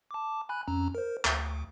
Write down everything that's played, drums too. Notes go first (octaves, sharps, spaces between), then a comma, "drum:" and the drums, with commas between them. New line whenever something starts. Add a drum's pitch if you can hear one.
A5 D6
G#5 B5 F#6
F2 C#4 A#5
A#4 C5
D2, drum: clap